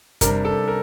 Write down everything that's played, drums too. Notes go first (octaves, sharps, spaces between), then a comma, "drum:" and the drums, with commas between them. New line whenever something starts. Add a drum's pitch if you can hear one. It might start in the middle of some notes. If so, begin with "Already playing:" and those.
C3 G3 D4 A#4, drum: kick F#2, hi-hat
A4
A#4